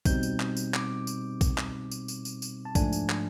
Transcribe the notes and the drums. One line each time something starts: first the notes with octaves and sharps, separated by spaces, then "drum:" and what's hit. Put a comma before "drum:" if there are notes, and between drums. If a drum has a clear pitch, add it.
B2 G3 C4 D#4 G6, drum: kick, tambourine
drum: tambourine
drum: clap
drum: tambourine
D6, drum: clap
drum: tambourine
drum: kick, tambourine
drum: clap
drum: tambourine
drum: tambourine
drum: tambourine
drum: tambourine
A5
G#2 F3 A3 D4 G#5, drum: kick, tambourine
drum: tambourine
drum: clap